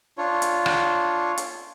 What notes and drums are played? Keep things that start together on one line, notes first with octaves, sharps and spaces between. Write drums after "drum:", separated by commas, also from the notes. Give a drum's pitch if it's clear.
D4 F4 C#5
drum: hi-hat
drum: rim click
drum: hi-hat